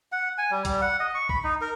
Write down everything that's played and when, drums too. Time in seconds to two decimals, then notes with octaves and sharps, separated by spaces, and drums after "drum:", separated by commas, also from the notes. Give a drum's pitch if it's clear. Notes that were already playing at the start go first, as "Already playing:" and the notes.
0.12 F#5
0.38 G#5
0.51 G3
0.65 G3, drum: kick, hi-hat
0.81 F#5
1.00 D#5
1.15 C#6
1.29 B5, drum: kick
1.43 D#4
1.61 A#4